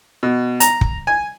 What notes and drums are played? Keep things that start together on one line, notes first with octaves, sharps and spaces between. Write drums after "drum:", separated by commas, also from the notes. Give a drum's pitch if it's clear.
B2
A#5, drum: hi-hat
drum: kick
G#5